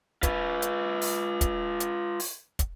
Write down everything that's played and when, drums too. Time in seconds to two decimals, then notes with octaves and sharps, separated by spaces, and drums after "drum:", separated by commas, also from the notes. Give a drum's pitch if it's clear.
0.23 F4 B4, drum: kick, hi-hat
0.62 drum: hi-hat
1.02 drum: open hi-hat
1.41 drum: kick, hi-hat
1.80 drum: hi-hat
2.20 drum: open hi-hat
2.59 drum: kick, hi-hat